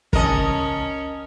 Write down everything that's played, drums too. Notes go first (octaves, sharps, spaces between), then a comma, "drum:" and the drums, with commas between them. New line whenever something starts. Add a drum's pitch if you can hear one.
C#2 C#4 A#4 D#5 A5, drum: kick